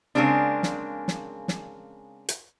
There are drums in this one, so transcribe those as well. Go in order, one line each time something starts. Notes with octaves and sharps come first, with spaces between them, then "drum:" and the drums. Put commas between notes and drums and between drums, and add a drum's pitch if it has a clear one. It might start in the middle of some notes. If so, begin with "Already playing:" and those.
C#3 F#3 G#3 A#3 C4 D4
drum: snare
drum: snare
drum: snare
drum: hi-hat